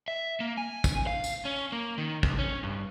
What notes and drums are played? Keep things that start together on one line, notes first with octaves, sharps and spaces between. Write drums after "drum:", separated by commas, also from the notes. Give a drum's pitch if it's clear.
E5
A#3
G#5
drum: kick, tambourine
F5
drum: tambourine
C#4
A#3
D#3
C2, drum: kick
C#4
G2